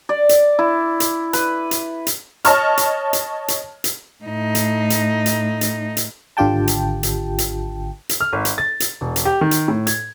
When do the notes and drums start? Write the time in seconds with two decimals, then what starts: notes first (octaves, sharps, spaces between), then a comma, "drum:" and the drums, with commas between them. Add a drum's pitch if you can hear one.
0.09 D5
0.29 drum: hi-hat
0.59 E4
1.00 drum: hi-hat
1.33 B4, drum: hi-hat
1.71 drum: hi-hat
2.07 drum: hi-hat
2.45 C#5 D#5 A5 C#6 F6, drum: hi-hat
2.77 drum: hi-hat
3.13 drum: hi-hat
3.48 drum: hi-hat
3.84 drum: hi-hat
4.24 A2 D#4
4.55 drum: hi-hat
4.90 drum: hi-hat
5.26 drum: hi-hat
5.61 drum: hi-hat
5.97 drum: hi-hat
6.37 G#1 D3 F4 G4 G5 A5
6.68 drum: hi-hat
7.03 drum: hi-hat
7.38 drum: hi-hat
8.09 drum: hi-hat
8.21 F6
8.33 G#1
8.45 drum: hi-hat
8.58 A6
8.80 drum: hi-hat
9.01 E1
9.16 drum: hi-hat
9.25 G4
9.41 D#3
9.51 drum: hi-hat
9.68 A2
9.87 G#6, drum: hi-hat